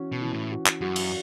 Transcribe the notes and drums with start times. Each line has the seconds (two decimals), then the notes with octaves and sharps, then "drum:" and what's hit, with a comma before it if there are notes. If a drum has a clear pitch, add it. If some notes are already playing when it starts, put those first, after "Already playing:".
Already playing: E3 C#4 F#4
0.12 B2
0.22 E3
0.32 A2
0.52 F#4
0.66 drum: clap
0.81 F#2 F#4
0.96 drum: cymbal